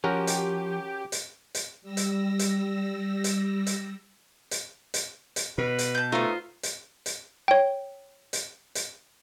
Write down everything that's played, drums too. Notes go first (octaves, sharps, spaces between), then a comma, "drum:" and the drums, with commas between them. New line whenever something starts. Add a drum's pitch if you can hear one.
F3 C#4 F#4 G4 A#4
drum: hi-hat
drum: hi-hat
drum: hi-hat
G3 E6 A#6
drum: hi-hat
drum: hi-hat
drum: hi-hat
drum: hi-hat
drum: hi-hat
drum: hi-hat
drum: hi-hat
B2 B4
drum: hi-hat
A5 G6
A3 B3 D#4 F4 C5
drum: hi-hat
drum: hi-hat
C#5 G5
drum: hi-hat
drum: hi-hat